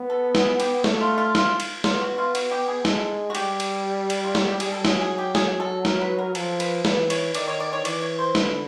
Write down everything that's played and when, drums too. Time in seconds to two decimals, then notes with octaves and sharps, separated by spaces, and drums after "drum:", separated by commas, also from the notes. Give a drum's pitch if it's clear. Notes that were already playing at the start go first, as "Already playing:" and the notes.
Already playing: B3
0.10 A4
0.35 G#4, drum: snare
0.60 G4, drum: cymbal
0.84 A3 F#4, drum: snare
1.01 F4
1.18 F4
1.35 F4, drum: snare
1.60 drum: cymbal
1.84 B3 F4, drum: snare
2.01 F#4
2.18 F4
2.35 F#4, drum: cymbal
2.51 G4
2.68 G#4
2.85 G#3 A4, drum: snare
3.30 F#4
3.35 G3 G4, drum: cymbal
3.60 drum: cymbal
4.10 drum: cymbal
4.24 F4
4.35 F#4, drum: snare
4.48 G4
4.60 G#4, drum: cymbal
4.72 A4
4.85 F#3 G#4, drum: snare
5.01 G#4
5.18 G4
5.35 G#4, drum: snare
5.60 A4
5.85 A#4, drum: snare
6.01 B4
6.19 A#4
6.35 F3 A4, drum: cymbal
6.60 B4, drum: cymbal
6.85 E3 B4, drum: snare
7.10 C#5, drum: cymbal
7.34 D#3 D5, drum: cymbal
7.48 C#5
7.60 D5
7.73 C#5
7.85 E3 D5, drum: cymbal
8.02 C#5
8.19 C5
8.35 D3 B4, drum: snare